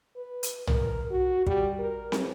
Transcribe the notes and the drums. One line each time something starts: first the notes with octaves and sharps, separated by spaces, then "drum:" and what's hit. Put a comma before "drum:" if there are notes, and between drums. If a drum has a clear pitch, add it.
B4
drum: hi-hat
A#4, drum: tom
F#4
G3, drum: kick
A#4
drum: snare